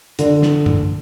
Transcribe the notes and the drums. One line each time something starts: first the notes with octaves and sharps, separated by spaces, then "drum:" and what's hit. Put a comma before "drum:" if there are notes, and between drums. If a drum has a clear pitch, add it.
D3, drum: hi-hat
drum: snare
drum: tom